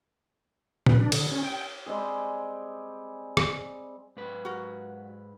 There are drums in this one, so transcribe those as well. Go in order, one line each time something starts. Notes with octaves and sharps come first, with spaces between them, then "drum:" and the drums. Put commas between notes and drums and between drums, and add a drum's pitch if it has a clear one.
B4, drum: tom A#2
D4
D3, drum: cymbal
C#4
G5
G3 G#3 C4 G#4
drum: rim click
G#2 B4
F#4 A#4